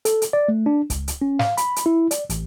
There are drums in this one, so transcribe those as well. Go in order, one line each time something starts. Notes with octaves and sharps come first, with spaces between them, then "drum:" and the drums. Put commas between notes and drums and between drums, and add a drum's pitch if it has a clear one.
A4, drum: hi-hat
drum: hi-hat
D5
A3
D4
C#2, drum: kick, hi-hat
drum: hi-hat
C#4
F5, drum: snare
B5, drum: hi-hat
drum: hi-hat
E4
D5, drum: hi-hat
A1, drum: hi-hat